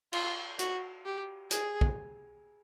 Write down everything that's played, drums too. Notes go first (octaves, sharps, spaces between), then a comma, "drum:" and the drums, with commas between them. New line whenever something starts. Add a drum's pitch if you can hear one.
F4, drum: cymbal
F#4, drum: hi-hat
G4
G#4, drum: hi-hat
drum: kick